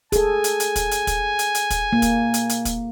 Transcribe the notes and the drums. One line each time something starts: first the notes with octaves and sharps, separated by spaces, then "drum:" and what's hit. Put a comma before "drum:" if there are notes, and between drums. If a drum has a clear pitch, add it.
G#4 A4 G#5, drum: kick, hi-hat
drum: hi-hat
drum: hi-hat
drum: kick, hi-hat
drum: hi-hat
drum: kick, hi-hat
drum: hi-hat
drum: hi-hat
drum: kick, hi-hat
A#3
drum: kick, hi-hat
drum: hi-hat
drum: hi-hat
drum: kick, hi-hat